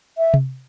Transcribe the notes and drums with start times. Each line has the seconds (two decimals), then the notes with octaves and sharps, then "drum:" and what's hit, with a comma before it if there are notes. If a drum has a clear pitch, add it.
0.18 E5
0.34 drum: tom C3